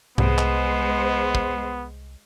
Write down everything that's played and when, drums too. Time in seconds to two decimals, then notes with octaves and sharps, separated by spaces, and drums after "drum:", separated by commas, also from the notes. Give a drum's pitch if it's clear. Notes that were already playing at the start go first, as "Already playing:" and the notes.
0.18 C2 G#3 B3 C5, drum: tom G#2
0.38 drum: clap
1.35 drum: kick